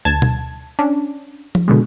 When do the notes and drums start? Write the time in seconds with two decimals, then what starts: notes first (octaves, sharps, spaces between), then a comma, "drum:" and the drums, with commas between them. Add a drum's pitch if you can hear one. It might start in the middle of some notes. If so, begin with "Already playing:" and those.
0.05 D2 A5 G#6
0.22 drum: tom B2
0.79 C#4 D4
1.55 drum: tom F3
1.68 B2 D3 G#3